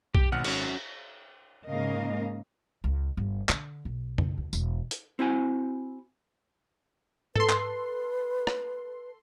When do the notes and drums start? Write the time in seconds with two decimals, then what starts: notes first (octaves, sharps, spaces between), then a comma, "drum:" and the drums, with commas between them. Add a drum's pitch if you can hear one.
0.15 G4, drum: kick B1
0.32 G#1 B2 F#5 F6
0.44 C#4 F#4, drum: cymbal
1.68 G#2 C#3 A#3 A#4 D#5 F5
2.84 C#2
3.17 G1
3.49 D3, drum: clap
3.85 B1
4.18 drum: tom
4.38 D2
4.53 E1, drum: tambourine
4.91 drum: hi-hat
5.19 C4 E4 F#4 G#5
7.36 A4 B4 C6, drum: tom G#2
7.49 drum: clap
8.47 drum: rim click